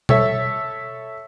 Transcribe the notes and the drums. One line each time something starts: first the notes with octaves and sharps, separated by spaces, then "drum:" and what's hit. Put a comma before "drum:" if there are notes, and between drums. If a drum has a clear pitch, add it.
A4 C#5 E5, drum: tom B2